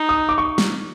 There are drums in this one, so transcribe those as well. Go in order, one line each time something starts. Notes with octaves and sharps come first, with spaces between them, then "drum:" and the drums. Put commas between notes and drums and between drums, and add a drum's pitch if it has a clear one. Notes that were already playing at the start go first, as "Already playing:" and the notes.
Already playing: D#4
D#6
D6
C#6
drum: snare